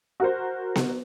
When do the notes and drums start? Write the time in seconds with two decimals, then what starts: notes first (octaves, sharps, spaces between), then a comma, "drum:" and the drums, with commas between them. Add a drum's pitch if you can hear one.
0.20 F#4 A#4 C5
0.76 drum: snare B3